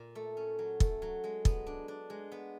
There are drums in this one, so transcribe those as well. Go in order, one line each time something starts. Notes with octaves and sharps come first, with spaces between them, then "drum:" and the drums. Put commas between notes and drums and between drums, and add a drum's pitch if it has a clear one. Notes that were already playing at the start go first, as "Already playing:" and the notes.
Already playing: A#2
A3
C#4
F#3
A3, drum: kick
F#3
G#3
B3, drum: kick
D4
D4
G#3
B3